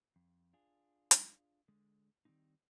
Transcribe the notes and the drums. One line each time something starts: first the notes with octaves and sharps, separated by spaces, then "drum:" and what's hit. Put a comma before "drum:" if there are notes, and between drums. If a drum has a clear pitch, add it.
F2
D4 F4 G#4
drum: hi-hat
D3 G#3
D#3 G3 A3 C4 D#4